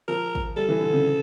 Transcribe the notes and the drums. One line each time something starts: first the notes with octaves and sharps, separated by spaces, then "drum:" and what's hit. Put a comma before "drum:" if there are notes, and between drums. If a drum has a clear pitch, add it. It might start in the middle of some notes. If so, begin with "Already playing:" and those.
F3 A#4
drum: kick
G3 A4
E3
D3
C#3